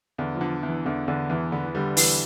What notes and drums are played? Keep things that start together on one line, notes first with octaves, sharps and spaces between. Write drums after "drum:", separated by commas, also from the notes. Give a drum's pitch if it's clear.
E2 D3
F3
D3
E2
E3
E2 D3
E2 D3
E2 E3
D3 B3
E3
D3 G3
E3, drum: open hi-hat